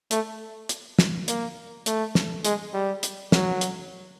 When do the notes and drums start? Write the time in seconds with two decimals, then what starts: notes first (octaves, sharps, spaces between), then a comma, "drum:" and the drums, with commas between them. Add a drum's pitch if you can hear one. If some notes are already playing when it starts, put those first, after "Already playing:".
0.11 A3, drum: hi-hat
0.69 drum: hi-hat
0.99 drum: snare
1.28 A#3, drum: hi-hat
1.86 A3, drum: hi-hat
2.15 drum: snare
2.45 G#3, drum: hi-hat
2.73 G3
3.03 drum: hi-hat
3.32 F#3, drum: snare
3.61 drum: hi-hat